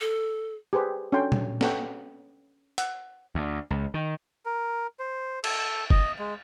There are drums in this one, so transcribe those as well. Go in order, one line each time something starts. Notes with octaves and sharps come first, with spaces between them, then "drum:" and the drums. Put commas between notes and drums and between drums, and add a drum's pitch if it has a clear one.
A4
G4 G#4 B4 C5
C#4 D4 F#4 A4 G5 C6
drum: tom A#2
C#4 A4 B4 F#5 G5 C#6, drum: snare
F#5 E6, drum: hi-hat
D2
C#2
D#3
A#4
C5
A4, drum: cymbal
D#5, drum: kick F#1
G#3